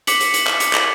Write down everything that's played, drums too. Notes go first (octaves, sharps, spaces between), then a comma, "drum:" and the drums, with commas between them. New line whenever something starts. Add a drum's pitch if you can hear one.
D6 B6 C#7 F#7, drum: hi-hat
drum: hi-hat
drum: hi-hat
drum: clap
drum: hi-hat
drum: clap